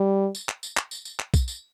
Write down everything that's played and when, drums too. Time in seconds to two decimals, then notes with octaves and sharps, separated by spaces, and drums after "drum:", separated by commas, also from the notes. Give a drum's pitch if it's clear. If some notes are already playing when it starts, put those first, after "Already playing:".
Already playing: G3
0.35 drum: tambourine
0.49 drum: clap
0.63 drum: tambourine
0.77 drum: clap
0.91 drum: tambourine
1.05 drum: tambourine
1.19 drum: clap
1.34 drum: kick, tambourine
1.48 drum: tambourine